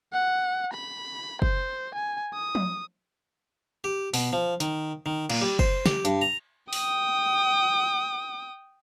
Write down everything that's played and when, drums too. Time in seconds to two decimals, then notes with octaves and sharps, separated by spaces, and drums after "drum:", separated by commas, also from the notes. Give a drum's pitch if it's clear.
0.13 F#5
0.73 B5
1.42 C5, drum: kick
1.95 G#5
2.33 D#6
2.55 drum: tom F3
3.84 G4
4.14 B2, drum: open hi-hat
4.33 F3
4.60 D#3, drum: hi-hat
5.06 D#3
5.30 A#2, drum: cymbal
5.41 G3
5.59 C5, drum: kick
5.86 G4, drum: snare
6.05 G2, drum: hi-hat
6.22 A#5
6.73 G5 D#6, drum: open hi-hat